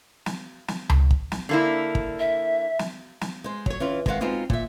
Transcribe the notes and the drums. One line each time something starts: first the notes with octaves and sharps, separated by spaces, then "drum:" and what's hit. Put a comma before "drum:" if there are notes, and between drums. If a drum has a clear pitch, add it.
drum: snare
drum: snare
drum: tom C#2
drum: kick
drum: snare
D3 A#3 E4
drum: kick
E5
drum: snare
drum: snare
G#3 C5
F#3 C#5, drum: kick
E3 C#4 F4
D#3 G#3 C4 C#5 F5 F#5, drum: kick
G#3 B3 C4 D#4 F4 F#4
A#2 E5, drum: kick